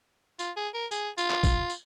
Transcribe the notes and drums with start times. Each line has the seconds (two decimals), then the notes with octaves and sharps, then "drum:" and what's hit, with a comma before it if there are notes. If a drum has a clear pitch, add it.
0.39 F4, drum: tambourine
0.56 G#4
0.74 A#4
0.91 G#4, drum: tambourine
1.18 F4, drum: tambourine
1.30 drum: clap
1.43 drum: kick, tambourine
1.70 drum: tambourine